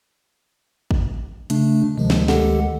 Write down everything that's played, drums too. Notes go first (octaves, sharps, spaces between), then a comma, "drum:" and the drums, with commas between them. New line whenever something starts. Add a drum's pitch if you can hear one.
drum: kick
C#3 A3 D4, drum: hi-hat
D2 C3 D#3 F3 G#3
drum: snare
G4 A4 F#5, drum: snare